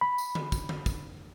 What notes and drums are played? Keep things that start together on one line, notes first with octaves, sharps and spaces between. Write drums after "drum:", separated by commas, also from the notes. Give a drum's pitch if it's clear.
B5
drum: tambourine
drum: tom D3
drum: kick, tambourine
drum: tom D3
drum: kick, tambourine